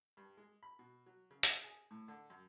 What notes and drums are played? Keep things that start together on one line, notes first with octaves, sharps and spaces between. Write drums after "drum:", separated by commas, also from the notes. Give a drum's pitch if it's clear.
G2
G#3
B5
B2
F#3
C#3
D#5, drum: hi-hat
G#4
A2
D3
F#2